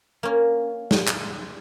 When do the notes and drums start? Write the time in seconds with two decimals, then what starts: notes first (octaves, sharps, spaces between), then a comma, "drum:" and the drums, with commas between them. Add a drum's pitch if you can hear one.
0.23 A#3 C#4
0.91 drum: snare
1.08 drum: clap